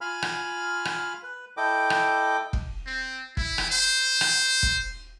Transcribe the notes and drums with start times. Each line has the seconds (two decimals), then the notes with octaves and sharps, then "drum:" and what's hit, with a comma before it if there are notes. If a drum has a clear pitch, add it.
0.01 F4 F5 G#5 B5 F6
0.22 drum: rim click
0.85 drum: rim click
1.23 B4
1.57 E4 A4 D#5 G5 D6
1.90 drum: rim click
2.53 drum: kick F1
2.87 C4
3.37 E4, drum: kick F1
3.58 drum: rim click
3.70 C5
4.21 drum: rim click
4.63 drum: kick F1